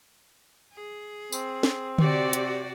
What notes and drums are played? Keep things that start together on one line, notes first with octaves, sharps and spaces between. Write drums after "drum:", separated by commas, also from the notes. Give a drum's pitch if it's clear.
G#4
C4, drum: tambourine
drum: snare
C3 F#4 G4 D5, drum: tom D3
drum: hi-hat